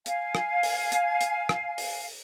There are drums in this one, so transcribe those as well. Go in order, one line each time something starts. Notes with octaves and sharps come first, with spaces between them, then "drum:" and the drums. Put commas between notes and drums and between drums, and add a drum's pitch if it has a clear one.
F5 G#5, drum: hi-hat
drum: rim click
drum: open hi-hat
drum: hi-hat
drum: hi-hat
drum: rim click
drum: open hi-hat